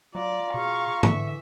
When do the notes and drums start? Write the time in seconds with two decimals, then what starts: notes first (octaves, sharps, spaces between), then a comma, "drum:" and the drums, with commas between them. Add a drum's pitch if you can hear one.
0.15 F#3 F4 D5 A#5
0.54 B2 G#4 F5 C#6
1.03 D3 E3 E5, drum: tom